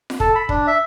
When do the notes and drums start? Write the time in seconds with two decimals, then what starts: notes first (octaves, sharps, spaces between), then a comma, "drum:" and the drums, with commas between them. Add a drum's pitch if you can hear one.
0.10 drum: snare F4
0.20 A4, drum: kick
0.35 B5
0.49 D4, drum: kick
0.67 E5